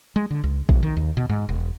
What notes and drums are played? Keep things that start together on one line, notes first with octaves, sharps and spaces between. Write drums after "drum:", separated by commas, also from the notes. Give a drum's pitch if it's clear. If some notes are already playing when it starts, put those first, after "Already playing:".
G#3
D3
C#2
B1, drum: kick
D#3
D#2
B2
G#2
E1